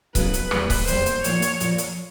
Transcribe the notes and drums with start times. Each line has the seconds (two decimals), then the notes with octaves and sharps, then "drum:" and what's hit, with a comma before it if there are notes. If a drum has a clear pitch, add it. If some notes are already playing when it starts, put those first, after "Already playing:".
0.15 C#3 F#3 B3 E4 A4 B4, drum: kick C#1, hi-hat
0.34 drum: hi-hat
0.51 E2 C3 E3 G3 A#3 B4, drum: rim click
0.70 drum: kick C#1, open hi-hat
0.87 E2 C3 E3 G3 A#3 C5, drum: hi-hat
1.06 drum: hi-hat
1.24 A#2 F3 A#3 C#5, drum: hi-hat
1.42 drum: hi-hat
1.60 A#2 F3 A#3, drum: hi-hat
1.78 drum: hi-hat